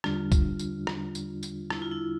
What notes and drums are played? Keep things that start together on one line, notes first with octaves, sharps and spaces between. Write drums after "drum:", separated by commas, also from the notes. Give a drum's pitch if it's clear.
E2 D3 G3 D4 F4, drum: rim click
drum: kick, tambourine
drum: tambourine
drum: rim click
drum: tambourine
drum: tambourine
E4, drum: rim click
F4
E4